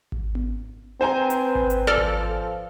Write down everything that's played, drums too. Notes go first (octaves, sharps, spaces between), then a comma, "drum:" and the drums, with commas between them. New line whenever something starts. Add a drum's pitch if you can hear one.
drum: kick G#1
drum: tom B3
C4 B4 C5 G#5 A#5
drum: hi-hat
drum: kick G#1
drum: hi-hat
F3 A4 D5 F6
drum: kick G#1